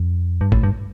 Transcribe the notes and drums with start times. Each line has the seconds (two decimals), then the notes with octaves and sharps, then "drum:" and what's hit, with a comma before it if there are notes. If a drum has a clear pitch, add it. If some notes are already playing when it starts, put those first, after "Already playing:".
Already playing: F2
0.41 G2
0.52 A2, drum: kick G#1
0.63 G2